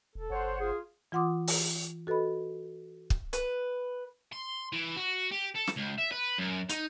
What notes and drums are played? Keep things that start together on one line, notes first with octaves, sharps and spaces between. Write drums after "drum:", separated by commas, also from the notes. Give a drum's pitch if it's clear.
E1 A4
G1 C5 C#5 F#5
F4 G#4
E3 F4 F#5 C6 D6 D#6
drum: open hi-hat
F#4 A4 B4 D#5 B5
drum: kick
B4, drum: hi-hat
C6
E3
F#4
G4
A4
drum: snare
C#2
E5
B4
F#2
D#4, drum: hi-hat